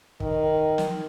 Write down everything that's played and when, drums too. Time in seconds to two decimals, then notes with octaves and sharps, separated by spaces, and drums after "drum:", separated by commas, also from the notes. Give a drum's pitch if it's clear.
0.20 D#3, drum: kick
0.78 drum: snare